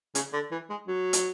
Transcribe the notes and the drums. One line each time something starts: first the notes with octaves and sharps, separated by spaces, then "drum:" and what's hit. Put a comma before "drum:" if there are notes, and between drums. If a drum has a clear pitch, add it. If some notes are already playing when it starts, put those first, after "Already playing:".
C#3, drum: hi-hat
D3
E3
G#3
F#3
drum: hi-hat